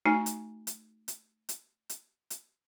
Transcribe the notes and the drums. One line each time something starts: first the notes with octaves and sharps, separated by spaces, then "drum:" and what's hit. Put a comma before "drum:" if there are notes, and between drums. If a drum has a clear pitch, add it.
A3 D#4 F#4 G#5
drum: hi-hat
drum: hi-hat
drum: hi-hat
drum: hi-hat
drum: hi-hat
drum: hi-hat